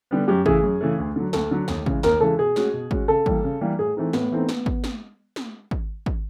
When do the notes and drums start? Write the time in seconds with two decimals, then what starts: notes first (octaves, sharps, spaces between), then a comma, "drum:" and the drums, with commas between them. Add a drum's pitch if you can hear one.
0.11 D3 G3 B3
0.28 F#2 G4
0.46 C#3 E3 A3 G#4, drum: kick
0.63 F#2
0.81 C#3 E3 A3
0.98 D2
1.16 D3 F#3
1.33 D2 A4, drum: snare
1.51 D3 F#3
1.68 D#2, drum: snare
1.86 C#3 E3 G#3, drum: kick
2.03 D#2 A#4, drum: snare
2.20 C#3 E3 G#3 A4
2.39 B2 G#4
2.56 G#3 C#4 F#4, drum: snare
2.73 B2
2.91 G#3 C#4 F#4, drum: kick
3.08 C#3 A4
3.26 E3 G3 A#3 D4, drum: kick
3.44 C#3
3.61 E3 G3 A#3 D4
3.79 A2 G#4
3.97 E3 A3 C4 D#4
4.13 A2 B3, drum: snare
4.32 E3 A3 C4 D#4
4.49 drum: snare
4.66 drum: kick
4.84 drum: snare
5.36 drum: snare
5.71 drum: kick
6.06 drum: kick